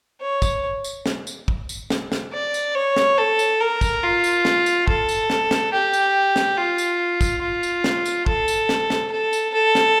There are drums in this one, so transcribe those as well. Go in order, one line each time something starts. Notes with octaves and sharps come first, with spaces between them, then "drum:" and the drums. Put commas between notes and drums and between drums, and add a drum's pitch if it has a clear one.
C#5
drum: kick, tambourine
drum: tambourine
drum: snare
drum: tambourine
drum: kick
drum: tambourine
drum: snare
drum: snare
D5
drum: tambourine
C#5
drum: snare
A4
drum: tambourine
A#4
drum: kick, tambourine
F4
drum: tambourine
drum: snare
drum: tambourine
A4, drum: kick
drum: tambourine
drum: snare
drum: snare
G4
drum: tambourine
drum: snare
F4
drum: tambourine
drum: kick, tambourine
F4
drum: tambourine
drum: snare
drum: tambourine
A4, drum: kick
drum: tambourine
drum: snare
drum: snare
A4
drum: tambourine
A4
drum: snare